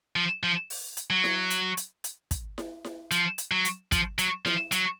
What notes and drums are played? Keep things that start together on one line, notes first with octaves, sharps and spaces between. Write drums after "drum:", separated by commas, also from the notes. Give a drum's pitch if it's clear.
F3
F3
drum: open hi-hat
drum: hi-hat
F#3
drum: snare E4
drum: hi-hat
drum: hi-hat
drum: hi-hat
drum: kick, hi-hat
drum: snare E4
drum: snare E4
F3, drum: hi-hat
drum: hi-hat
F#3
drum: hi-hat
F3, drum: kick, hi-hat
F#3, drum: hi-hat
F3, drum: snare E4
F#3, drum: hi-hat